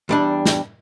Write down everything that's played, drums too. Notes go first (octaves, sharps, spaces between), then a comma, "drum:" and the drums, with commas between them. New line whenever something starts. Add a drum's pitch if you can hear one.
E2 G3 D4
drum: snare